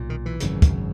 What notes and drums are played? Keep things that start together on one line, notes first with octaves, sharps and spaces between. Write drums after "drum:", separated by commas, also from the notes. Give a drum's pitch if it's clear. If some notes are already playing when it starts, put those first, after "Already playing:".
Already playing: B1 A#2
D#3
E3
G#1 F#2 C#3, drum: hi-hat
drum: kick, hi-hat